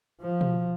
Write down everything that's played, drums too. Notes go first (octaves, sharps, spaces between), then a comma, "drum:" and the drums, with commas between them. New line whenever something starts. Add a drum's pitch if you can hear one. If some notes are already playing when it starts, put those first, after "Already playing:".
F3
drum: tom B2